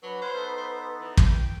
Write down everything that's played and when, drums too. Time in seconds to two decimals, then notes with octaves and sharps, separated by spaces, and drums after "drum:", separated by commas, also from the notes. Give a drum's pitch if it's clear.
0.03 F#3 D4 F#4 B4
0.22 C5 C#5 F5 F#5
0.34 B3 D#4 A4
0.57 C5
1.01 E3
1.17 drum: kick
1.34 G5